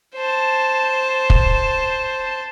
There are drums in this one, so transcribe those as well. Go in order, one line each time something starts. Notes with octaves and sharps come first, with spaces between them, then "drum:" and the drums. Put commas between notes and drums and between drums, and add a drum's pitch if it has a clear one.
C5 A5
drum: kick